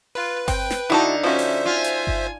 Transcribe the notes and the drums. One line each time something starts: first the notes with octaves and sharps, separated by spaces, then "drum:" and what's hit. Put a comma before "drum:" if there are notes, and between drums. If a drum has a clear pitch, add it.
F4 B4
C4 G5, drum: kick G1, open hi-hat
drum: snare
D3 D#4 E4 F#4 A5
F3 C#4 F#4 C5 E5
drum: open hi-hat
F4 G#5
drum: hi-hat
drum: kick G1